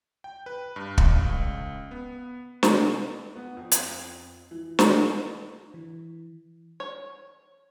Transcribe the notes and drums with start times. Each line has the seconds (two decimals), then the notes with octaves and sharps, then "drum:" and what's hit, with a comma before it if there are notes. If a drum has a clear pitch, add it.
0.24 G5
0.46 B4
0.76 G2
0.98 drum: kick
1.22 C#2
1.91 B3
2.63 C3, drum: snare
3.35 B3
3.57 F2
3.72 drum: hi-hat
4.51 E3
4.79 drum: snare
5.74 E3
6.80 C#5